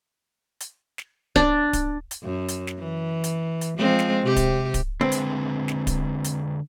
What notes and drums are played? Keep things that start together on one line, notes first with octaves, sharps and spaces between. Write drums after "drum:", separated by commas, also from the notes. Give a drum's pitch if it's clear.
drum: hi-hat
drum: snare
D4, drum: kick D1
drum: kick D1, hi-hat
drum: hi-hat
F#2
drum: hi-hat
drum: snare
E3
drum: hi-hat
drum: hi-hat
F3 G#3 C4
drum: snare
C3 G4
drum: kick D1, hi-hat
drum: kick D1, hi-hat
D3 G#3 C4 B4
drum: hi-hat
drum: snare
drum: kick D1, hi-hat
drum: hi-hat